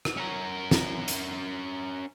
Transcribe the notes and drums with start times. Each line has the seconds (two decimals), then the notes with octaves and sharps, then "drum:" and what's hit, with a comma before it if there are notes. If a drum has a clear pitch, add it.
0.05 drum: rim click
0.17 C#4 A#4
0.71 drum: snare
1.08 drum: hi-hat